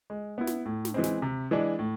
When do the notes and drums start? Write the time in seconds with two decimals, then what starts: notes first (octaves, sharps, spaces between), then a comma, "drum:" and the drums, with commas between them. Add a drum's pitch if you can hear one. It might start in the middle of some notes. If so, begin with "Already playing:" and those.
0.10 G#3
0.38 B3 E4
0.47 drum: snare
0.65 A2
0.85 drum: snare
0.94 E3 G#3 C4
1.04 drum: snare
1.22 C3
1.51 E3 G#3 D4
1.79 A2